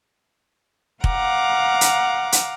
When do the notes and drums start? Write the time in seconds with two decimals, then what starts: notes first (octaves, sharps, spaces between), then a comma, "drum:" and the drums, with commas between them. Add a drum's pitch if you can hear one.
1.04 F5 F#5 A#5 D6, drum: kick
1.81 drum: hi-hat
2.32 drum: hi-hat